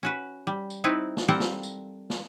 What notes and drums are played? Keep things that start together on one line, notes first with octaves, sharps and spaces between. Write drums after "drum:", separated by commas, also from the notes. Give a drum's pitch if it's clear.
C#4 F#4 B4
G3
drum: tambourine
C4 D#4 E4 B4 C#5
drum: snare
G3 C4 A4 A#4 C5 F#5
drum: snare
drum: tambourine
drum: snare